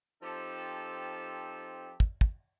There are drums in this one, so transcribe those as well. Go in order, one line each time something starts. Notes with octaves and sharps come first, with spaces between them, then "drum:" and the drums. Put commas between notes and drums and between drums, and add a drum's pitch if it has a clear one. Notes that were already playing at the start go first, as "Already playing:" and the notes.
F3 C4 D#4 G4 A4
drum: kick
drum: kick